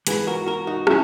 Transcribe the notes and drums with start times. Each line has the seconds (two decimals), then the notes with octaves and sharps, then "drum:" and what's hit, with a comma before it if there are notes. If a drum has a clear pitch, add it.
0.07 G#2 E3 G#4 B4, drum: hi-hat
0.27 F#4 A#4
0.46 F#4 A#4
0.67 D#4 F#4
0.87 C#4 E4, drum: rim click